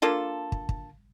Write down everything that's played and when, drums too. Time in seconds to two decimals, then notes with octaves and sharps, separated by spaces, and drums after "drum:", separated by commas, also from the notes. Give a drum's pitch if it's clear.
0.02 A#3 D4 F4 A4
0.52 drum: kick
0.69 drum: kick